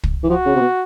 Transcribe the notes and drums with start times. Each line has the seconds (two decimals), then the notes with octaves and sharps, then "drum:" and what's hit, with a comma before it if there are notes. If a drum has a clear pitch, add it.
0.04 drum: kick
0.23 E3
0.29 F3 F#4
0.46 C#3
0.56 C3
0.61 B2